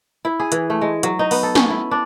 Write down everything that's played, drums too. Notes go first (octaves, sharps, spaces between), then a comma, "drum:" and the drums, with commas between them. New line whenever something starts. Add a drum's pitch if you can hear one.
E4
G#4
E3, drum: hi-hat
A3
G#3
F#3, drum: hi-hat
D#4
B3, drum: open hi-hat
A4
C#4, drum: snare
E4
D4